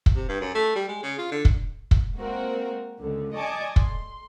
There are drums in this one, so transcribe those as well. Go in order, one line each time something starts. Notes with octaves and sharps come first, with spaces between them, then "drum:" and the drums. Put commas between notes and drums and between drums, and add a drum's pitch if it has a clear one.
drum: kick
C3
G2
F#2
A3
G3
G#3
C#3
F4
D3
drum: kick
drum: kick
G#3 A#3 C4 F#4 A#4
C#2 D3
D5 D#5 G#5 A5 C#6 D6
C6, drum: kick